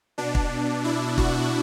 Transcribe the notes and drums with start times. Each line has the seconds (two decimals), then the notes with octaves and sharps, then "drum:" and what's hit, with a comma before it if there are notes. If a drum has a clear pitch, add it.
0.18 B2 D4
0.35 drum: kick
0.84 E4
1.18 F#4, drum: kick